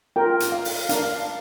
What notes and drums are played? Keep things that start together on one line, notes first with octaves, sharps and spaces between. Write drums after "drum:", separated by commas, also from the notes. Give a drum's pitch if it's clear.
F4 A#4 G5
drum: hi-hat
F5
drum: open hi-hat
D4 A#4 F5, drum: hi-hat